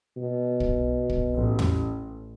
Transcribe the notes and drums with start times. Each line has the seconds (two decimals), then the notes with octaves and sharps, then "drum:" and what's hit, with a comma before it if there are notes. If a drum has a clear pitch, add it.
0.17 B2
0.60 drum: kick
1.09 drum: kick
1.34 A1
1.59 drum: tom